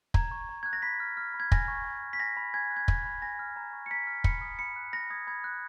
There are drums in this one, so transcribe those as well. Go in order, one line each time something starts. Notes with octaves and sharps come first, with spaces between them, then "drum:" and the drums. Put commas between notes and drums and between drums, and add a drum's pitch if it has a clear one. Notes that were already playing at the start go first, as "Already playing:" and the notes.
A#5 G#6, drum: kick
C#6
A#5
F#6 G#6
A#6
B5 B6
F6
F6
B5
G#6
G#5 A#6, drum: kick
C#6
G#5
F6
B6
G#5 A#6
B5
G#5 G#6
F#6
G#6
G#5, drum: kick
B5
G#5 A#6
F6
A#5
C#6
C#7
A#5 B6
F6
B5 C#7, drum: kick
D#6
B5 C#7
F#6
B5 A#6
D#6 G#6
B5 G#6
F#6